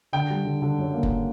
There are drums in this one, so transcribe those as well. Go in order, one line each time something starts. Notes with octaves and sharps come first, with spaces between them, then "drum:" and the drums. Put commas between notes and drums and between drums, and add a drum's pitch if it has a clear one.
D3 G5
G3
D3
D3
F#2
A#3
drum: kick F#1